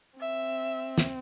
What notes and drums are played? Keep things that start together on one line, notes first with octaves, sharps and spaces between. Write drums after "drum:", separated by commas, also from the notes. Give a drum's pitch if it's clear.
C4 E5
drum: snare